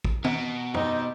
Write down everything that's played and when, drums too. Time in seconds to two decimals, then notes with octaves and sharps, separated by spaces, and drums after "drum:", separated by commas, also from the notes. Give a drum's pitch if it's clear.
0.04 drum: kick
0.24 B2 A#5, drum: tom
0.74 G3 C4 D#4, drum: tom